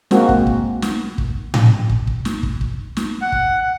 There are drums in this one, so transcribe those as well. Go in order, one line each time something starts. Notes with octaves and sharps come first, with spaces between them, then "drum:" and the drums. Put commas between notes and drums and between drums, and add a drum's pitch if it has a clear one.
G#3 A#3 C4 F#4, drum: snare
drum: kick
drum: kick
drum: snare
drum: kick
drum: tom A2
drum: kick
drum: kick
drum: snare
drum: kick
drum: kick
drum: snare
F#5
drum: kick